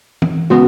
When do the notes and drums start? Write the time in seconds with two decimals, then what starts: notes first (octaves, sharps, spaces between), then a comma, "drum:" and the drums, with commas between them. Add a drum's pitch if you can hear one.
0.22 drum: tom E3
0.50 C#3 G#3 B3 F#4